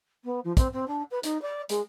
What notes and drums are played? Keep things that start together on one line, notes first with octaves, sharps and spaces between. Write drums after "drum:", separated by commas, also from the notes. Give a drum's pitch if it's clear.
B3
F3
C4, drum: kick, hi-hat
C4
D4
B4
D#4, drum: hi-hat
D5
G#3, drum: hi-hat